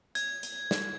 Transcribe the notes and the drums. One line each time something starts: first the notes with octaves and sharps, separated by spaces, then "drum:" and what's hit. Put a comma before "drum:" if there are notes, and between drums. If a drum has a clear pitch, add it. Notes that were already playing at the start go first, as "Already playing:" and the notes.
G#6, drum: hi-hat
drum: hi-hat
drum: snare